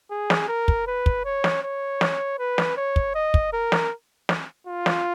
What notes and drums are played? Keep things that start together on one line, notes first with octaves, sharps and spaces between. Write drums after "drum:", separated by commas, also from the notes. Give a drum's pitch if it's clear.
G#4
drum: snare
A#4
drum: kick
B4
drum: kick
C#5
drum: snare
C#5
drum: snare
B4
drum: snare
C#5
drum: kick
D#5
drum: kick
A#4
drum: snare
drum: snare
F4
drum: snare